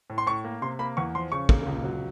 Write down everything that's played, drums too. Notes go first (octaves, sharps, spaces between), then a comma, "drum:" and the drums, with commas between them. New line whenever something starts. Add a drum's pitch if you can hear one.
A2
C6
A2 C#6
A#3
C3 C6
A#3 B5
E2 C#6
F3 C6
C#3 C#6
A#3, drum: kick
C#2
F#3